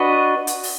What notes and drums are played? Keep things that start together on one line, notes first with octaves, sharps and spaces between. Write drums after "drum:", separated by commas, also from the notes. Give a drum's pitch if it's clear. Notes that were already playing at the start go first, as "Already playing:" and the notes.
Already playing: D4 F#4 B4 D#5
drum: hi-hat
drum: open hi-hat